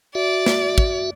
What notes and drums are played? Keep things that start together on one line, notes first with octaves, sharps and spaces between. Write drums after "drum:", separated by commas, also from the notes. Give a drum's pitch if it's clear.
F#4 D5 E5
drum: snare
drum: kick